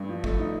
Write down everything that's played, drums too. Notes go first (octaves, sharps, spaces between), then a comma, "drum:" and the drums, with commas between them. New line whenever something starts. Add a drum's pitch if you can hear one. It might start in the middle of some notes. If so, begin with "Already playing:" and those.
Already playing: G2
F3
A3, drum: kick
D#4